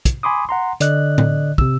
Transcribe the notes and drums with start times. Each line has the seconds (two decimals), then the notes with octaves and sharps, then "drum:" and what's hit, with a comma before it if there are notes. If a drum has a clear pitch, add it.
0.05 drum: kick, hi-hat
0.23 G#5 B5 C6 D6 D#6
0.49 F#5 A#5 C6
0.80 D3 D5 D#5 F#6, drum: hi-hat
1.18 drum: tom A2
1.58 C3 E6, drum: kick